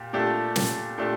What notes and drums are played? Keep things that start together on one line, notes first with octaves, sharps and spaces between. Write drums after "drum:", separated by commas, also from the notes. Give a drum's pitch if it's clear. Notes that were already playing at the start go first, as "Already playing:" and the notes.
Already playing: A#2 G4
A#2 A3 D4 G4
drum: snare
A#2 A3 D4 G4